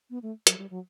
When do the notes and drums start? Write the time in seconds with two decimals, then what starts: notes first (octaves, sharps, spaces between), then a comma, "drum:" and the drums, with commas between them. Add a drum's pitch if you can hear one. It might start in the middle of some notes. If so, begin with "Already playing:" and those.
0.10 B3
0.23 A3
0.47 F#3, drum: hi-hat
0.58 G3
0.70 F#3